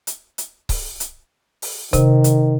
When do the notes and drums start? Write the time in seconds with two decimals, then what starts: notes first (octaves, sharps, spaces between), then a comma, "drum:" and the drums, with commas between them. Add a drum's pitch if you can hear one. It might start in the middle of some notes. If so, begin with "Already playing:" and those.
0.07 drum: hi-hat
0.38 drum: hi-hat
0.69 drum: kick C#1, open hi-hat
1.00 drum: hi-hat
1.62 drum: open hi-hat
1.93 C3 D#3, drum: kick C#1, hi-hat
2.24 drum: hi-hat